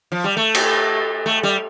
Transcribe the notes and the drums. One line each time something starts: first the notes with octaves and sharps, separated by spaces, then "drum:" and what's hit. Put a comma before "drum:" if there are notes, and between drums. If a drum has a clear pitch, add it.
F3
G3
A3
drum: cymbal
A3
G3